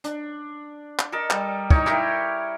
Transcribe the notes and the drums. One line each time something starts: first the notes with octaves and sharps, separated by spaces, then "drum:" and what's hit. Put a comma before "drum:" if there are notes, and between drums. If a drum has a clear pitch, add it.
D4, drum: hi-hat
drum: clap
A4 A#4 D#5 A5
G3, drum: clap
D#4 C#5, drum: kick
E4 G4 A#4, drum: rim click